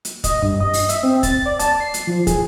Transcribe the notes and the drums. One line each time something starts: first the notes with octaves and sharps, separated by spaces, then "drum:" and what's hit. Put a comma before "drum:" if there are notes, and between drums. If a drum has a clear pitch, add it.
drum: hi-hat
D#5, drum: kick, hi-hat
G2
D#5
drum: open hi-hat
E5, drum: hi-hat
C4
A6, drum: kick, hi-hat
D5
A5, drum: hi-hat
C7
drum: hi-hat
F3
G#4, drum: kick, hi-hat